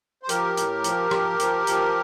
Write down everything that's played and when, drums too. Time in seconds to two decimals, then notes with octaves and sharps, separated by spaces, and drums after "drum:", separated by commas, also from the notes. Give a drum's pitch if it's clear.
0.23 C5
0.29 F3 G4 A#4, drum: hi-hat
0.57 A2, drum: hi-hat
0.84 F3, drum: hi-hat
1.11 F3, drum: rim click
1.40 F3, drum: hi-hat
1.67 F3, drum: hi-hat